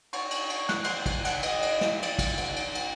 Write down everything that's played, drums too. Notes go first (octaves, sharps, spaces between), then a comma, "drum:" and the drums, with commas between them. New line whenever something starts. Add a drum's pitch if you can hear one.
C#5, drum: cymbal
drum: cymbal
drum: cymbal
F#6, drum: snare
C5, drum: cymbal
drum: kick, cymbal
F#5, drum: cymbal
D#5, drum: cymbal
drum: cymbal
drum: snare
D5, drum: cymbal
drum: kick, cymbal
drum: cymbal
drum: cymbal
drum: cymbal